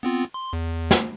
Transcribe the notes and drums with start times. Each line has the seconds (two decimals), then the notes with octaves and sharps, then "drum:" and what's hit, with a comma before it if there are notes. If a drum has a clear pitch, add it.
0.03 B3 C4 F4
0.34 C6
0.53 E2
0.91 drum: snare